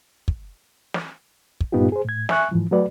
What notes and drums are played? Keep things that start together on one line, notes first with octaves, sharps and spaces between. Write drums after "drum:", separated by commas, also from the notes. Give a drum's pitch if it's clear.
drum: kick
drum: snare
drum: kick
G2 A#2 B3 D#4 F4 G4
G#4 C5
A2 G#6
E5 G#5 C#6 F#6, drum: snare
G#2 E3 F3
F#3 A3 F#4 B4 D5